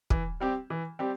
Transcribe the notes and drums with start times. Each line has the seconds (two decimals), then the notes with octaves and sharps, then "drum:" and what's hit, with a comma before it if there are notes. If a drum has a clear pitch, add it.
0.10 E3, drum: kick
0.40 G3 C4 G4
0.70 E3
0.99 G3 C4 G4